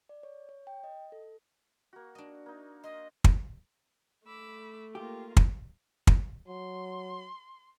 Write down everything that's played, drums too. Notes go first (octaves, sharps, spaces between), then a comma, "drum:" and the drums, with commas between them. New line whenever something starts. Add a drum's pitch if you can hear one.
D5
C#5
C#5
G5
D#5
A4
A#3 F#4
D4 D#5
A#3 D#4
D#5 C6
drum: kick
A3 B5 D6 E6
A#3 F4 G4 A#4
drum: kick
drum: kick
F#3 C6